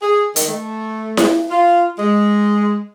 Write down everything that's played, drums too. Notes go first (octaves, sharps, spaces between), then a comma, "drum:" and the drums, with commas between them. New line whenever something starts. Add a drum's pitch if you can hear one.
G#4
D#3, drum: hi-hat
A3
drum: snare E4
F4
G#3